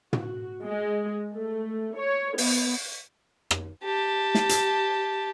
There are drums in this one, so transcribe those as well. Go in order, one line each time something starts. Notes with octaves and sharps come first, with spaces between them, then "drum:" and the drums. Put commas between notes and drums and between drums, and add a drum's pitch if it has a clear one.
F#4, drum: tom
G#3
A3
C#5
B3, drum: open hi-hat
drum: rim click
G4 A5
drum: snare
drum: hi-hat